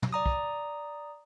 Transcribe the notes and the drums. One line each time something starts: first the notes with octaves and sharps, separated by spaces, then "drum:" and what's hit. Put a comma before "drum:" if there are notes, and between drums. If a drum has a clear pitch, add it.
drum: tom
D5 A#5 D#6
drum: kick